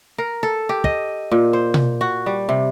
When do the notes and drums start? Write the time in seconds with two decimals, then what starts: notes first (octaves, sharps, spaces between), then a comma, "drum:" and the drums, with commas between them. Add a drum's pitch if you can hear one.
0.18 A#4
0.43 A4
0.69 G4
0.84 D#5, drum: kick
1.31 A#2
1.53 C5
1.74 drum: tom B2
2.01 F#4
2.26 G3
2.49 C3